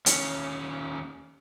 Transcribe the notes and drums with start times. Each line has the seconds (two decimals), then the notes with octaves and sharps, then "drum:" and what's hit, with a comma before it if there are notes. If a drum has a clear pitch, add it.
0.06 D#2 C#4, drum: hi-hat